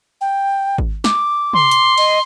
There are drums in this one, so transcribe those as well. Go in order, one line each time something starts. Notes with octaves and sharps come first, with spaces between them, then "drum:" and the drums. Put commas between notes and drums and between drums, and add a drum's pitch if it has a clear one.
G5
drum: kick G#1
D6, drum: snare
C6, drum: tom
drum: hi-hat
D#5, drum: cymbal